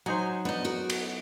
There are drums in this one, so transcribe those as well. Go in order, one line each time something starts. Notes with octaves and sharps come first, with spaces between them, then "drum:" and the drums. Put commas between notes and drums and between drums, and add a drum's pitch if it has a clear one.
F#3 D#4 C5 G#5
B3 D4 D#4 D#5
F#4 A#4
drum: cymbal